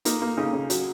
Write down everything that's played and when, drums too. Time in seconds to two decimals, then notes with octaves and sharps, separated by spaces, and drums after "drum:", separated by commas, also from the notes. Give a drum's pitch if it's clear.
0.05 A#3 D#4, drum: hi-hat
0.22 A#3
0.38 C#3 D#4
0.53 C#3
0.70 F#3, drum: hi-hat